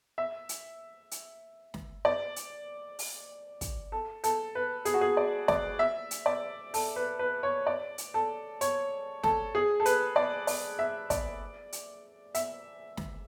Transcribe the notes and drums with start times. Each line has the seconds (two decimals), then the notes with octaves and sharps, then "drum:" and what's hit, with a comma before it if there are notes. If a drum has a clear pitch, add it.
0.18 E5
0.49 drum: hi-hat
1.11 drum: hi-hat
1.74 drum: snare
2.05 D5
2.36 drum: hi-hat
2.99 drum: open hi-hat
3.61 drum: kick, hi-hat
3.92 A4
4.24 A4, drum: hi-hat
4.55 B4
4.85 G#4, drum: hi-hat
4.94 F#4
5.01 G#4
5.17 D5
5.48 D5, drum: snare
5.79 E5
6.11 drum: hi-hat
6.26 D5
6.74 A4, drum: open hi-hat
6.96 B4
7.19 B4
7.43 C#5
7.67 D5
7.98 drum: hi-hat
8.14 A4
8.61 C#5, drum: hi-hat
9.23 A4, drum: snare
9.55 G#4
9.80 A4
9.86 B4, drum: hi-hat
10.16 D5
10.47 D5, drum: open hi-hat
10.79 E5
11.10 D5, drum: kick, hi-hat
11.73 drum: hi-hat
12.35 E5, drum: hi-hat
12.97 drum: snare